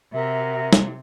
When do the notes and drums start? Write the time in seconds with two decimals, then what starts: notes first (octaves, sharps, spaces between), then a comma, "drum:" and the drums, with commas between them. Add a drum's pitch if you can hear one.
0.13 C3 F#4 A#4 E5
0.73 drum: snare